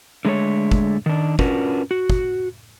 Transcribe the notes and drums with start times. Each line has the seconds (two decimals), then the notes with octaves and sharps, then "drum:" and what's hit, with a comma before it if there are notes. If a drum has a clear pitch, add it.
0.25 D3 G#3 A3 B4 C#5
0.72 drum: kick
1.06 D#3 D4
1.39 C#4 D4 F4 F#4 A#4 B4, drum: kick
1.91 F#4
2.10 drum: kick